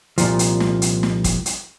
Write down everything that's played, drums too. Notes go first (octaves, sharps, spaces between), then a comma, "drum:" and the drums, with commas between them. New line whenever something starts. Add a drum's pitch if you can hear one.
C2 A#2 F3, drum: hi-hat
drum: hi-hat
drum: snare
drum: hi-hat
drum: snare
drum: kick, hi-hat
drum: hi-hat